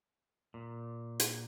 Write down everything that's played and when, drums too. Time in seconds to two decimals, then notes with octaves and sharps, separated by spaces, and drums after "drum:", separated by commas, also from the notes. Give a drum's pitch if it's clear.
0.54 A#2
1.20 drum: hi-hat